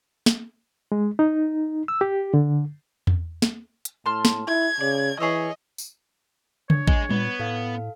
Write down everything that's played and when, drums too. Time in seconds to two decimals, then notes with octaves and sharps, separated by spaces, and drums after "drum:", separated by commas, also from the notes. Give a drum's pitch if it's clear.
0.26 drum: snare
0.92 G#3
1.19 D#4
1.88 E6
2.01 G4
2.34 D3
3.07 drum: tom E2
3.42 drum: snare
3.85 drum: hi-hat
4.06 A2 A5 C6 F6
4.25 drum: snare
4.47 E4 G#6
4.81 C#3 D5
5.20 E3 G#4 C#5 D#5 E5
5.78 drum: tambourine
6.70 D4 C#5, drum: tom C#3
6.88 G#4 D#5, drum: kick A1
7.10 A#2 B3, drum: tom G3
7.39 A2 A4 F5